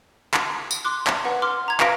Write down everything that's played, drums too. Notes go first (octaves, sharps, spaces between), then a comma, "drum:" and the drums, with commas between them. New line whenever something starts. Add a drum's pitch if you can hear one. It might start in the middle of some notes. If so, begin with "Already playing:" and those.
drum: clap
drum: tambourine
C6 D6 F#6
drum: clap
B4 F#5
C6 D6 F6
A#5 G#6
B4 F5 A#6 B6 D7, drum: clap